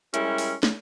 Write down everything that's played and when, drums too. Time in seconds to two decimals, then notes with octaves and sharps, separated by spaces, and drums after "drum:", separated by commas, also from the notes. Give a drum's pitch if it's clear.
0.14 G3 G#3 C#4 E4 G4 A#4, drum: hi-hat
0.38 drum: open hi-hat
0.63 drum: snare